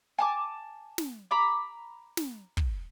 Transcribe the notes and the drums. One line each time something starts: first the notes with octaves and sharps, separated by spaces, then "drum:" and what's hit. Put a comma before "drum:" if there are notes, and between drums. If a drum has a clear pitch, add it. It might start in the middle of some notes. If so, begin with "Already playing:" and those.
G#5 A5 D6
drum: snare
A#5 B5 D6
drum: snare
drum: kick